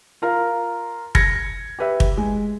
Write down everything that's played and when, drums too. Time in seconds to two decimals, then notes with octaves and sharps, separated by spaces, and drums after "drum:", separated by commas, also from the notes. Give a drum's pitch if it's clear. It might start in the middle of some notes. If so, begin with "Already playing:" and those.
0.22 F4 A#4 F5
1.15 G#6 A#6 C#7, drum: kick
1.79 G4 B4 E5
2.00 drum: kick
2.17 G#3